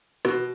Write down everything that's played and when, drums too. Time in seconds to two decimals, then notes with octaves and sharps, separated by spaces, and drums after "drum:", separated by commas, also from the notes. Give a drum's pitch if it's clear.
0.25 B2, drum: rim click